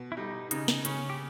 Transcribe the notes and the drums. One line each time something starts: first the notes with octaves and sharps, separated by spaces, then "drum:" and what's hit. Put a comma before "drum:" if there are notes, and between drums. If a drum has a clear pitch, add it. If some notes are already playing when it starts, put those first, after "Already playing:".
Already playing: B2
E4
G3 D#4
C#3 D#4, drum: hi-hat
drum: snare
C#3 C#4, drum: hi-hat
G4